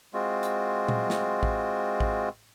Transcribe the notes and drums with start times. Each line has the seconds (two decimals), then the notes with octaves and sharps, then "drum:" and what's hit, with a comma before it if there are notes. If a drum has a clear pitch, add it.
0.14 G#3 C4 F4 F#4
0.43 drum: hi-hat
0.88 drum: tom A#2
1.10 drum: snare
1.43 drum: kick
2.00 drum: kick